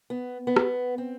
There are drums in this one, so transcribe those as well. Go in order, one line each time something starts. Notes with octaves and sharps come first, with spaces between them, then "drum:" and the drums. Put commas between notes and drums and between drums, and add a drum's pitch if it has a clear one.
B3
B3
drum: rim click
C4